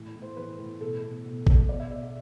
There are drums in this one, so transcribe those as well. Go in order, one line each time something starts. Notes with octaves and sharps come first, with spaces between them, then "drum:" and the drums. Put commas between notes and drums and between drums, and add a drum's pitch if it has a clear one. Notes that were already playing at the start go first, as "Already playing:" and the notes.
Already playing: A2 E3
A2
C5
E3 B4
A2
B2 A4
B2
B2
B2, drum: kick
B2 D5
E5
B2 D5
E5